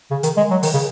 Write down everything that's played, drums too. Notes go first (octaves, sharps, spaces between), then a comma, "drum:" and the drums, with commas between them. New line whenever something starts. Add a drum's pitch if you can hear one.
C#3
D#3, drum: hi-hat
G#3
F#3
D#3, drum: open hi-hat
C#3